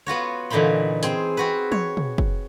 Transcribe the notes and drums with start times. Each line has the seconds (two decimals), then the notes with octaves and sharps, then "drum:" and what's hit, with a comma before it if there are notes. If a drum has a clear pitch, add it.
0.06 B3 F4 F#4 C#5
0.50 A#2 D3 E3 D#4 B5 C6
1.03 C4 G#4, drum: hi-hat
1.37 C4 F#4 B4
1.72 C#5, drum: tom
1.97 drum: tom
2.18 drum: kick